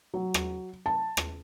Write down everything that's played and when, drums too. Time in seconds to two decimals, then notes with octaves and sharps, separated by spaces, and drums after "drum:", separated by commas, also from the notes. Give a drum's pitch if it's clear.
0.14 F#3
0.34 drum: rim click
0.86 A5
1.17 drum: rim click